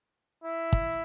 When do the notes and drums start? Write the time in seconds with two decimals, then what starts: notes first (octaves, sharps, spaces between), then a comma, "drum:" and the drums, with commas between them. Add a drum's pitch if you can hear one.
0.44 E4
0.73 drum: kick